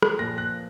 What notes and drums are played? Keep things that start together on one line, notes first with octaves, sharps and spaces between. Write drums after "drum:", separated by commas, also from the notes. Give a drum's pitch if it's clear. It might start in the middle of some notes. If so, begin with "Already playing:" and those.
drum: rim click
A#2 F3 F#6 A#6
F#6 A#6